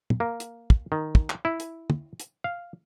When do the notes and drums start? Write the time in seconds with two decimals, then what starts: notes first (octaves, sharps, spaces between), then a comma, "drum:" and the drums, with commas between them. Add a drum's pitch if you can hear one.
0.10 drum: tom
0.20 A#3
0.40 drum: hi-hat
0.70 drum: kick
0.92 D#3
1.15 drum: kick
1.30 drum: clap
1.45 E4
1.60 drum: hi-hat
1.90 drum: tom
2.20 drum: hi-hat
2.44 F5